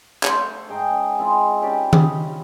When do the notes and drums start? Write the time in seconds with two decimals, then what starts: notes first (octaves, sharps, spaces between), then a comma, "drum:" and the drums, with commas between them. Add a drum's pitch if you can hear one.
0.23 A3 C5, drum: clap
0.69 G#2 G#4 G5 A#5
0.91 C#4 D#5
1.19 G#3 C4 E4 F4
1.62 C#4 G4 B4 D5
1.93 D#5, drum: tom D#3